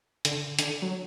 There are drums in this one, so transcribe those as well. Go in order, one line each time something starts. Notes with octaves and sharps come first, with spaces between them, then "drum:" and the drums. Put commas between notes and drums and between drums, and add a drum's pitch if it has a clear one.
D3, drum: hi-hat
D3, drum: hi-hat
F#3